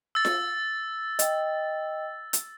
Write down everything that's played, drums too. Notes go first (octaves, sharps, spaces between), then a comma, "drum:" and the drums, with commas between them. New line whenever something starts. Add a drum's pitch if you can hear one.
E6 A6
drum: snare F4
D#5 G5, drum: hi-hat
drum: hi-hat